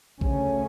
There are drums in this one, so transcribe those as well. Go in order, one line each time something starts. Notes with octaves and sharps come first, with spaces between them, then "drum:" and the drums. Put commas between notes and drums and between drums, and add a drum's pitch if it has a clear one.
D2 C#3 A3 C#4, drum: kick B1